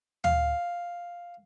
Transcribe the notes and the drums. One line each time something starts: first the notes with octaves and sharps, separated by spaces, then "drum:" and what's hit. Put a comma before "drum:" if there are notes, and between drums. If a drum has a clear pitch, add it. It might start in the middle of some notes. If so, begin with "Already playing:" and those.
F5, drum: tom